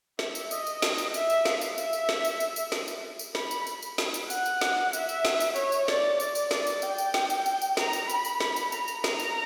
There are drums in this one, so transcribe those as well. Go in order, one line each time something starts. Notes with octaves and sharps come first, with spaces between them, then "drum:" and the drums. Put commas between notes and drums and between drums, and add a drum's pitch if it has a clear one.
E5, drum: snare
drum: tambourine
D#5, drum: tambourine
drum: tambourine
drum: snare
drum: tambourine
E5, drum: tambourine
drum: tambourine
F5, drum: snare
drum: tambourine
E5, drum: tambourine
drum: tambourine
drum: snare
drum: tambourine
drum: tambourine
drum: tambourine
drum: snare
drum: tambourine
drum: tambourine
B5, drum: snare
drum: tambourine
drum: tambourine
drum: tambourine
drum: snare
drum: tambourine
F#5, drum: tambourine
drum: tambourine
drum: snare
E5, drum: tambourine
drum: tambourine
drum: snare
drum: tambourine
C#5, drum: tambourine
drum: tambourine
D5, drum: snare
D5, drum: tambourine
drum: tambourine
D5, drum: snare
drum: tambourine
G5, drum: tambourine
drum: tambourine
drum: snare
drum: tambourine
drum: tambourine
drum: tambourine
A#5, drum: snare
drum: tambourine
B5, drum: tambourine
drum: tambourine
drum: snare
drum: tambourine
A#5, drum: tambourine
drum: tambourine
A#5, drum: snare
drum: tambourine